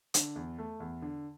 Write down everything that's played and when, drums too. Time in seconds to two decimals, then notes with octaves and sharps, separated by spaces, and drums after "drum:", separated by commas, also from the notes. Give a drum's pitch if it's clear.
0.14 D3, drum: hi-hat
0.36 E2
0.58 A3
0.80 E2
1.02 D3